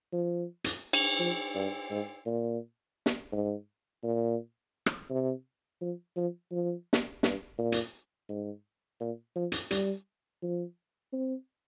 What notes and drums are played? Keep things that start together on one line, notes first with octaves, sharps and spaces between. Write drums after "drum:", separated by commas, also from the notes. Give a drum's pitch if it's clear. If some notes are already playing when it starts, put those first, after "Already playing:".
F3
drum: hi-hat
drum: cymbal
F3
G2
G#2
A#2
drum: snare
G#2
A#2
drum: rim click
C3
F3
F3
F3
drum: snare
G2, drum: snare
A#2
drum: hi-hat
G#2
A#2
F3
drum: hi-hat
G3, drum: hi-hat
F3
C4